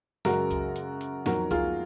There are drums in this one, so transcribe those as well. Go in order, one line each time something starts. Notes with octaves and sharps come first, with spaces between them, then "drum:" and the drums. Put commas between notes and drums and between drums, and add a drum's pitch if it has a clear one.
F#2 C#3 G#3 F#4 A#4, drum: snare
drum: kick C2, hi-hat
drum: hi-hat
drum: hi-hat
F2 D#3 F#3 F#4 A#4, drum: snare
F4 G#4, drum: kick C2, hi-hat